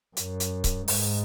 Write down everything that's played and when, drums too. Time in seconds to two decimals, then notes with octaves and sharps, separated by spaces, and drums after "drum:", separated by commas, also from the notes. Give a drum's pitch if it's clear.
0.17 F#2, drum: hi-hat
0.40 drum: hi-hat
0.64 drum: kick C#1, hi-hat
0.88 G#2, drum: open hi-hat